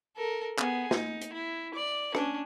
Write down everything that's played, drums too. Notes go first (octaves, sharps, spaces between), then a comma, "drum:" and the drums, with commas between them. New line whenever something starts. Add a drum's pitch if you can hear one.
A4 A#4
B3 G#4, drum: clap
D#4, drum: snare
drum: hi-hat
E4
D5
C#4 D4, drum: rim click